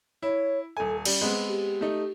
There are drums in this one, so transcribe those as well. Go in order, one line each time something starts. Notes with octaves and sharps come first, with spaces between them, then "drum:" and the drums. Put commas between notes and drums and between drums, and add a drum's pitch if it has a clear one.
E4 C#5
D#1 A4 G#5
G3 C#4, drum: cymbal
G#3 B3 C4
G4
A3 D#4